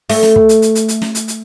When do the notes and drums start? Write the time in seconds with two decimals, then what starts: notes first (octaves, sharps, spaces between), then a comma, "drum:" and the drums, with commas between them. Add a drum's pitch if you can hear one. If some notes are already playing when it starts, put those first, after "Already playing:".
0.09 A3, drum: open hi-hat
0.23 drum: snare
0.36 drum: kick
0.49 drum: hi-hat
0.62 drum: hi-hat
0.75 drum: hi-hat
0.88 drum: hi-hat
1.02 drum: snare
1.15 drum: hi-hat
1.28 drum: hi-hat